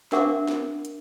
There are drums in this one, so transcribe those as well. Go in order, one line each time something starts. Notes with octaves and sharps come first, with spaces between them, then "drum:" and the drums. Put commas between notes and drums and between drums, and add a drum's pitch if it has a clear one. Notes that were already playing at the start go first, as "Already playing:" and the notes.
D4 A#4 E5 F#5 C#6 D6, drum: snare
drum: snare
drum: hi-hat